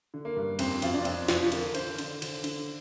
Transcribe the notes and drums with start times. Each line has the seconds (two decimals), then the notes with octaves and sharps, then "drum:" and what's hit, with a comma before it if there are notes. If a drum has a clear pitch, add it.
0.14 D3
0.25 A#3
0.36 G2
0.59 F2 C4, drum: cymbal
0.82 F2 F4, drum: cymbal
0.94 D4
1.05 F2, drum: cymbal
1.28 F2 F4, drum: snare
1.52 D3 A#4, drum: cymbal
1.75 D3 C5, drum: cymbal
1.98 D3, drum: cymbal
2.22 D3, drum: cymbal
2.44 D3, drum: cymbal